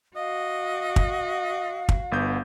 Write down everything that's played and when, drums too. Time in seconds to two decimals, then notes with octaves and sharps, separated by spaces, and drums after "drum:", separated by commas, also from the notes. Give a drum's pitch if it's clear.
0.16 F#4 D#5 F5
0.96 drum: kick
1.89 drum: kick
2.12 G1 B3 G6